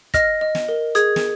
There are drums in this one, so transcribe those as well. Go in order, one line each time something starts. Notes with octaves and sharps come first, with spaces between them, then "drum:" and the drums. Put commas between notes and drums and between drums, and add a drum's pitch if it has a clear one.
D#5 F6 A#6, drum: kick, hi-hat
D#5
drum: snare
A#4
G#4 D#6 G#6, drum: hi-hat
drum: snare